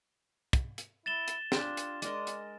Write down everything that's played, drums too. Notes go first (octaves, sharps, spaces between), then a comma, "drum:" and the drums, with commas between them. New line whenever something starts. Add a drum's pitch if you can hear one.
drum: kick, hi-hat
drum: hi-hat
E4 A6 E7 G7
drum: hi-hat
D4 F4 G4, drum: snare
drum: hi-hat
G#3 A#4 D5 D#5, drum: hi-hat
drum: hi-hat